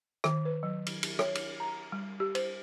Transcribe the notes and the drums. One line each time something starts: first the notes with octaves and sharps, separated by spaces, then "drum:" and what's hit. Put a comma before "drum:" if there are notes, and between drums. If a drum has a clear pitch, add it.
D#3, drum: rim click
B4
F#3
drum: cymbal
drum: cymbal
C#5, drum: rim click
drum: cymbal
A#5
G3
G4
C5, drum: cymbal